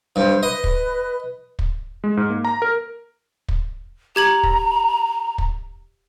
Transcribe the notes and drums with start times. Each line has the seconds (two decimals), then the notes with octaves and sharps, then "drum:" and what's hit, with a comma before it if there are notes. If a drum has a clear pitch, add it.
0.16 G2 C5
0.43 B4 D#5
0.64 drum: kick
1.59 drum: kick
2.04 G#3
2.17 G#2
2.30 A#3
2.45 A#5
2.62 A#4
3.49 drum: kick
4.16 G4 A#5 G#6 F#7
4.43 drum: kick
5.38 drum: kick